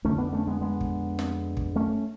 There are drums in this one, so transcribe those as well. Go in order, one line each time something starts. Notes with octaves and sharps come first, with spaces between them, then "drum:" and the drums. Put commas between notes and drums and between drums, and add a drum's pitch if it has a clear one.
F2 D3 A3 C#4
B3 D4
A3 C#4
G#3 B3
G#3 B3
drum: kick
drum: snare
drum: kick
A3 C#4